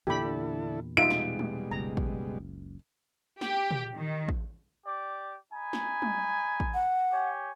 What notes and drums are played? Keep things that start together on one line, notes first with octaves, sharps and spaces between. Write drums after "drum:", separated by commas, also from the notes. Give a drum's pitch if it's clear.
E2 A#2 D3 D4 E4 G4 A4 B5
B2 G3 G#3 D#4 F4 E5 D7
drum: snare
drum: tom
F#1 C#2 A#5
drum: kick
G4, drum: snare
drum: tom
D#3
drum: kick
G4 D5 D6
D#4 G#5 B5
drum: snare
drum: tom
drum: kick
F#5
G4 C#5 G#5